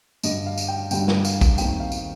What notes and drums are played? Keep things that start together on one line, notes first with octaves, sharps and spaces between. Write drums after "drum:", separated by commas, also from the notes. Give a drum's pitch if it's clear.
G2 D3 G3 D#5, drum: tambourine
F5
drum: tambourine
G5
G2 D3 G3 G5, drum: tambourine
drum: snare
F5, drum: tambourine
drum: kick A#1, tambourine
D#2 D#3 A3 C4 D#4 G5, drum: tambourine
F5
drum: tambourine